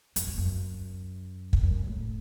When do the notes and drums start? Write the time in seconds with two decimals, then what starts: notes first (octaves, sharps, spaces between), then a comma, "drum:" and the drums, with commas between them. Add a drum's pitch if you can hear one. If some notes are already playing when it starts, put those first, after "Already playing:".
0.16 F#2, drum: hi-hat
0.27 E2
0.38 F#2
1.53 drum: kick
1.63 F#2
1.87 A2